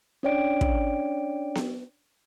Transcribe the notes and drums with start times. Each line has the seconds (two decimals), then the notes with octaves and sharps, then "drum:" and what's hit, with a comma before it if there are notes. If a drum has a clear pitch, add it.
0.23 C#4 D4 C#5 D5 G5 D7
0.61 drum: kick
1.55 drum: snare B3